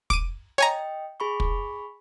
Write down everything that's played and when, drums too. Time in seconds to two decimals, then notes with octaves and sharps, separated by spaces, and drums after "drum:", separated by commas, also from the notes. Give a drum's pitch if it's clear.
0.10 D6 D7 D#7, drum: kick
0.58 C#5 D#5 G5 G#5 A#5
1.20 G#4 B5 C#6
1.40 drum: kick